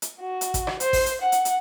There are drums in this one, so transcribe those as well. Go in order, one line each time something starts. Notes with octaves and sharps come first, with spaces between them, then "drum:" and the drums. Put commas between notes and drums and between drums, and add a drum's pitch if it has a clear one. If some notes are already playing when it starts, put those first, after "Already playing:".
drum: hi-hat
F#4
drum: hi-hat
drum: kick A1, hi-hat
drum: rim click
C5, drum: hi-hat
drum: kick A1, open hi-hat
drum: hi-hat
F#5
drum: hi-hat
drum: hi-hat